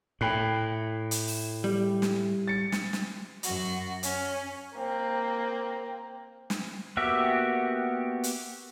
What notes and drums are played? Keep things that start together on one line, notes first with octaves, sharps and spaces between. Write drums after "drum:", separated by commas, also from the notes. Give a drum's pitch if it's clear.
A2 G5 B5 F#6
drum: hi-hat
drum: open hi-hat
G3
drum: snare
A6 C#7
drum: snare
drum: snare
F#2 F#4, drum: hi-hat
C#4, drum: hi-hat
A#3 C4
drum: snare
A#3 B3 F#4 G4 E5
drum: hi-hat